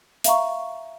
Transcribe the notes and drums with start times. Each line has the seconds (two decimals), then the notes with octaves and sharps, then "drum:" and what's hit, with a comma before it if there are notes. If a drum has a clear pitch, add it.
0.24 E5 F5 A#5 C#6, drum: hi-hat